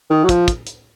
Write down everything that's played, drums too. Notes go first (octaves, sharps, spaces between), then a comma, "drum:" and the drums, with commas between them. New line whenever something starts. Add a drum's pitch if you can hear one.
D#3
F#3
F3, drum: kick, hi-hat
drum: kick, hi-hat
drum: hi-hat